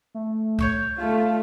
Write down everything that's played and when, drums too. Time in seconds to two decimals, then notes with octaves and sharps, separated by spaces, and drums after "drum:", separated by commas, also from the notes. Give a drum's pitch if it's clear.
0.15 A3
0.59 C#5 C#6 G6, drum: kick C#2
0.98 A3 F4 F5